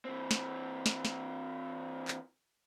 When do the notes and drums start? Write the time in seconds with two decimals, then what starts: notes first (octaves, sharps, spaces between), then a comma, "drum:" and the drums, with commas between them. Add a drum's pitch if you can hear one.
0.05 E3 C4
0.31 drum: snare
0.86 drum: snare
1.05 drum: snare
2.08 drum: clap